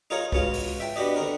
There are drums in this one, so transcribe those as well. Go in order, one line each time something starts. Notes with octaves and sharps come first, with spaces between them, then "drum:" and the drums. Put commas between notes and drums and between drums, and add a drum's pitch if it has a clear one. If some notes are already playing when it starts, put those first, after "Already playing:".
D#4 F4 G#4 A#4 C#5
C#2 B2 C#4 F4, drum: kick C2
drum: open hi-hat
E5 G5 A5
B3 D4 F#4 G4 D#5
D3 C4 A#4